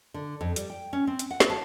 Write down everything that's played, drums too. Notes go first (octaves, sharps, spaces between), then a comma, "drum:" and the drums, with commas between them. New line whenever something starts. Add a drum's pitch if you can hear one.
D3
F2
G3, drum: hi-hat
G5
C#4
C4
drum: hi-hat
F#5
drum: snare
A5